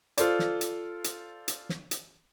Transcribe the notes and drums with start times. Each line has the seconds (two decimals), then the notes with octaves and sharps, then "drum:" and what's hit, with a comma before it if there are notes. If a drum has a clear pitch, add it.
0.18 F4 A4 C5 D5, drum: hi-hat
0.39 drum: snare
0.61 drum: hi-hat
1.04 drum: hi-hat
1.48 drum: hi-hat
1.69 drum: snare
1.91 drum: hi-hat